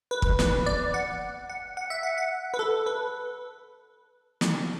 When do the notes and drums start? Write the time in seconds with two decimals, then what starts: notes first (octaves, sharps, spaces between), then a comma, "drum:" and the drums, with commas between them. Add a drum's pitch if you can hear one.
0.11 B4
0.22 drum: kick
0.39 B4, drum: snare
0.66 D5
0.94 F#5
1.50 F#5
1.77 F#5
1.90 E5
2.03 F#5
2.18 F#5
2.54 B4
2.59 A4
2.86 B4
4.41 drum: snare